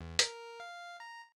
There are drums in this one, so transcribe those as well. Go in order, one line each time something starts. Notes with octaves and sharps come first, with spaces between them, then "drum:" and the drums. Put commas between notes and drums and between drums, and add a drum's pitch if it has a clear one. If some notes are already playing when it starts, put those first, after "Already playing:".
E2
A#4, drum: hi-hat
F5
A#5